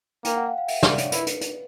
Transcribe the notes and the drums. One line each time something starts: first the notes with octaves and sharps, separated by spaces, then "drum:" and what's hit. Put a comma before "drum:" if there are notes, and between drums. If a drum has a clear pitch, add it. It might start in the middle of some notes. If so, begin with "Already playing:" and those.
A#3 G5, drum: hi-hat
F#5
F5
F5
E5, drum: open hi-hat
D5, drum: snare
C#5, drum: hi-hat
E4 B4, drum: hi-hat
drum: hi-hat
drum: hi-hat